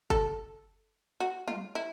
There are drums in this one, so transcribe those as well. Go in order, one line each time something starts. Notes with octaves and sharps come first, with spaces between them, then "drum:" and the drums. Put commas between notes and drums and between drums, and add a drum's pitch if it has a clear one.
A4, drum: kick F#1
F#4
F4, drum: tom F#3
E4